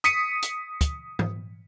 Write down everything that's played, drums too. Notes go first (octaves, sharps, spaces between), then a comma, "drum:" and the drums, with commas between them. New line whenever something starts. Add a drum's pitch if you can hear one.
D#6 B6 C#7 D#7, drum: hi-hat
drum: hi-hat
drum: kick, hi-hat
drum: tom G#2